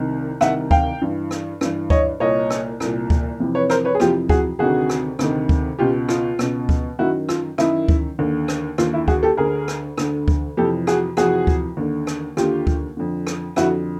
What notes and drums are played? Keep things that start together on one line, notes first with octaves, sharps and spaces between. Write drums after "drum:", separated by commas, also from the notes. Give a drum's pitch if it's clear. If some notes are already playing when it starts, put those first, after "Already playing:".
Already playing: C2 C3 D#3
C2 C3 D#3 E5 F#5, drum: rim click
F5 G5, drum: kick D2
G2 E3
drum: rim click
G2 E3, drum: rim click
C#5 D#5, drum: kick D2
C2 A#2 C#5 D#5
drum: rim click
C2 A#2, drum: rim click
drum: kick D2
F2 C3 E3
B4 C#5
A#4 C5, drum: rim click
B4 C#5
G#4
F2 C3 E3 F4 G4, drum: rim click
F#4 G#4, drum: kick D2
D2 C3 D#3 F#4 G#4
drum: rim click
D2 C3 D#3, drum: rim click
drum: kick D2
C#2 B2 F4 G4
F4, drum: rim click
C#2 B2, drum: rim click
drum: kick D2
F#2 D#3 E4 F#4
F4, drum: rim click
F#2 D#3 E4, drum: rim click
drum: kick D2
D#2 D3
drum: rim click
D#2 D3 F4, drum: rim click
E4
F#4 G#4, drum: kick D2
G4 A4
D2 D3 G#4 A#4
drum: rim click
D2 D3, drum: rim click
drum: kick D2
F2 C3 E3 G4 A4
F#4 G#4, drum: rim click
F2 C3 E3 F#4 G#4, drum: rim click
drum: kick D2
D#2 D3
drum: rim click
D#2 D3 F4 G4, drum: rim click
drum: kick D2
F2 D3
drum: rim click
F2 D3 E4 F#4, drum: rim click